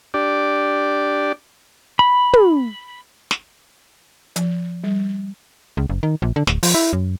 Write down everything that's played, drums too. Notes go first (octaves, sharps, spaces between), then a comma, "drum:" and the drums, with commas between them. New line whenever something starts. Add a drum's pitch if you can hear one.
D4 G4 D5
B5
drum: tom
drum: snare
F3, drum: hi-hat
G3
C#2
F#1
D#3
A#1
D3
D1, drum: snare
F3, drum: open hi-hat
E4
F#2